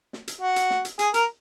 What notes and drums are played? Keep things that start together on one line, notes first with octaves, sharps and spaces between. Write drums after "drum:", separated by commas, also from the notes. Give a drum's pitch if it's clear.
drum: snare
drum: hi-hat
F#4
drum: hi-hat
drum: snare
drum: hi-hat
G#4, drum: hi-hat
A#4, drum: hi-hat